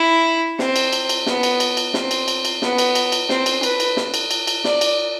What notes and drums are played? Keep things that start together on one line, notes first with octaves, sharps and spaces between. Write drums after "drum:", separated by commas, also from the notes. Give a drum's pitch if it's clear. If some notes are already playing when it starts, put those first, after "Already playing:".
Already playing: E4
C4, drum: snare
drum: cymbal
drum: cymbal
drum: cymbal
B3, drum: snare
drum: cymbal
drum: cymbal
drum: cymbal
C4, drum: snare
drum: cymbal
drum: cymbal
drum: cymbal
B3, drum: snare
drum: cymbal
drum: cymbal
drum: cymbal
C4, drum: snare
drum: cymbal
B4, drum: cymbal
drum: cymbal
drum: snare
drum: cymbal
drum: cymbal
drum: cymbal
D5, drum: snare
drum: cymbal